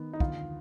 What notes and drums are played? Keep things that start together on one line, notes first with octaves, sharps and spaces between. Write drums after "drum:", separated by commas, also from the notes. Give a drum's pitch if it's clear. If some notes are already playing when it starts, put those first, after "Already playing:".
Already playing: D#3 B3
D#4
D2 F4, drum: kick